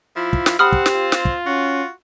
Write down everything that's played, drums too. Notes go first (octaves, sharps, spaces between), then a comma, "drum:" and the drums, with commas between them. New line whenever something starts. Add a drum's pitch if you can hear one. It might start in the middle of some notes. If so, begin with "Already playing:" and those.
F3 E4 F4
drum: kick
drum: snare
C4 G4 F#5 B5 D#6 F6
drum: kick
drum: snare
F4
drum: snare
drum: kick
C#4 F#4